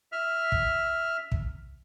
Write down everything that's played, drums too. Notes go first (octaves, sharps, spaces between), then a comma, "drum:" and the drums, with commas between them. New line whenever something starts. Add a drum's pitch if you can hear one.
E5 F6
drum: kick
drum: kick